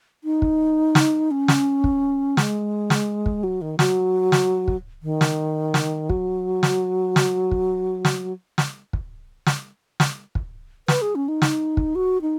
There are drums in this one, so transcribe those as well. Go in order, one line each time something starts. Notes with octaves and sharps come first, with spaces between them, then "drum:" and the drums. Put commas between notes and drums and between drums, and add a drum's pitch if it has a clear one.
D#4
drum: kick
drum: snare
C#4
drum: snare
drum: kick
G#3, drum: snare
drum: snare
drum: kick
F#3
D#3
F#3, drum: snare
drum: snare
drum: kick
D#3
drum: snare
drum: snare
F#3, drum: kick
drum: snare
drum: snare
drum: kick
drum: snare
drum: snare
drum: kick
drum: snare
drum: snare
drum: kick
B4, drum: snare
G#4
C#4
D#4
drum: snare
drum: kick
F#4
D#4